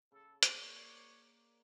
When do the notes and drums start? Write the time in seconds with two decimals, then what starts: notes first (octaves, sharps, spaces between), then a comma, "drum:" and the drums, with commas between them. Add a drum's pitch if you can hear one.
0.12 C#3 A4
0.43 A#3 C#5 D5, drum: hi-hat